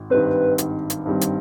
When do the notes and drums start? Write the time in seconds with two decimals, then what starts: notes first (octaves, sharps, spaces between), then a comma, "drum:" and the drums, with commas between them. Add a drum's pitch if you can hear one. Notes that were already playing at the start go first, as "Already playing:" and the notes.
Already playing: G#1
0.10 G2 D#3 G3 C4 B4
0.58 G#1, drum: hi-hat
0.90 drum: hi-hat
1.06 G2 D#3 G3 C4
1.21 drum: hi-hat